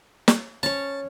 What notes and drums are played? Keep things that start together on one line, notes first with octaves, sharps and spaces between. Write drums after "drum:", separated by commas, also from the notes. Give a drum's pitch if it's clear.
drum: snare
C#4 C#5 A5